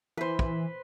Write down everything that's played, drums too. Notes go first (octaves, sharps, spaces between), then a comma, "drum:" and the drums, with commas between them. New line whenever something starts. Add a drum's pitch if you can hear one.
E3 B4 C5
drum: kick